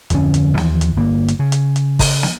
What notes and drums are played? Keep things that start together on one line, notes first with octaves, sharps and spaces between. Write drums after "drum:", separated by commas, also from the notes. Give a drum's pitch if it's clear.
D1 F2 D3 C#4, drum: hi-hat
drum: hi-hat
D#2 E3 F3, drum: snare
drum: hi-hat
G1 A#3
drum: hi-hat
C#3
drum: hi-hat
drum: hi-hat
drum: kick, open hi-hat
drum: snare